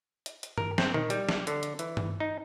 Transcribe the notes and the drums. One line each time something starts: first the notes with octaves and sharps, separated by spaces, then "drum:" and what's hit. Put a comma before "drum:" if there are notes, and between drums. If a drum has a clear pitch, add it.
drum: hi-hat
drum: hi-hat
A#4, drum: tom G2
C4, drum: snare
D#3, drum: tom A#2
G3, drum: hi-hat
drum: snare
D3, drum: hi-hat
drum: hi-hat
E3, drum: hi-hat
drum: tom G2
D#4